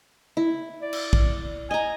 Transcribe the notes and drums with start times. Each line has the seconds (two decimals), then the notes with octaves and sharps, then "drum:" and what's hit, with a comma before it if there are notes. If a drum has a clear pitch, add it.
0.37 E4
0.82 D5
0.93 drum: cymbal
1.13 drum: kick
1.71 D#5 G#5 A#5